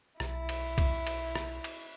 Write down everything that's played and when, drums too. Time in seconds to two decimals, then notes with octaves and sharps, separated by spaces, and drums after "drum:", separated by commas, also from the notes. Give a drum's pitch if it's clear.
0.20 B1 E4, drum: rim click
0.49 drum: cymbal
0.78 drum: kick, cymbal
1.07 drum: cymbal
1.35 drum: rim click
1.64 drum: cymbal